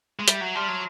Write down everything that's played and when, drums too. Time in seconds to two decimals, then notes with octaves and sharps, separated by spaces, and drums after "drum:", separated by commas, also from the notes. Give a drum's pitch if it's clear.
0.19 G#3
0.28 G3 E5, drum: hi-hat
0.41 F#3
0.55 G3 A5 C6 F6
0.68 F#3